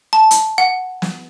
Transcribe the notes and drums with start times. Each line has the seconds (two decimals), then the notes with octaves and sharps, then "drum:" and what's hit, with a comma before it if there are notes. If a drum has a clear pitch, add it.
0.13 A5
0.31 drum: hi-hat
0.58 F#5
1.02 drum: snare